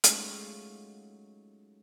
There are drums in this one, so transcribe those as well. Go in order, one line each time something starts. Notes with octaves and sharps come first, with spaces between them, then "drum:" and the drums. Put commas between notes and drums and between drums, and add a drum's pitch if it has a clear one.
F#3 G#3 A3 C#4 D#4 F4, drum: hi-hat